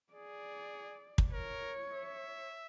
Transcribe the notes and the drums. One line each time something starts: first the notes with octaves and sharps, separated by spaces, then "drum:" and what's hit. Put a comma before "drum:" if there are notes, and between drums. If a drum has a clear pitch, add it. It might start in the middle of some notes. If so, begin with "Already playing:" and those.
G#4 D5
drum: kick
A#4 C#5
E5